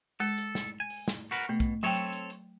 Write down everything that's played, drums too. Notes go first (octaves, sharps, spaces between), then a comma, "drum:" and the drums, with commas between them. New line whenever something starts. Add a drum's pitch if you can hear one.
G#3 A4, drum: hi-hat
drum: hi-hat
drum: snare
G#5
drum: open hi-hat
drum: snare
F#4 A#4 B4
B2 A3
drum: kick, hi-hat
F#3 C4 A4 C#5 G5
drum: hi-hat
drum: hi-hat
drum: hi-hat